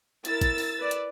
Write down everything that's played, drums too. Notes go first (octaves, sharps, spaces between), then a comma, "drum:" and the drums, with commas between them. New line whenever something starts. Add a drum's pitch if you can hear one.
E4 A#4 E6 A6, drum: hi-hat
drum: kick, hi-hat
drum: open hi-hat
B4 D5
drum: hi-hat